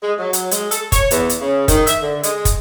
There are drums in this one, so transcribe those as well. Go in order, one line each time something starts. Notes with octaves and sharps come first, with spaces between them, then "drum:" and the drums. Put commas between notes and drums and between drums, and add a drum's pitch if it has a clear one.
G#3
F#3
drum: hi-hat
G#3, drum: hi-hat
A4, drum: hi-hat
C#5, drum: kick, hi-hat
E2, drum: hi-hat
drum: hi-hat
C#3
D#3, drum: kick, hi-hat
E5, drum: hi-hat
D3
G#3, drum: hi-hat
drum: kick, hi-hat